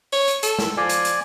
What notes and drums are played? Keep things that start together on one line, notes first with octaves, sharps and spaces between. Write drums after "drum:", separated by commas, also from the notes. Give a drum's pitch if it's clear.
C#5, drum: open hi-hat
drum: hi-hat
A4, drum: hi-hat
drum: snare
F3 D5 G#5
drum: hi-hat
drum: hi-hat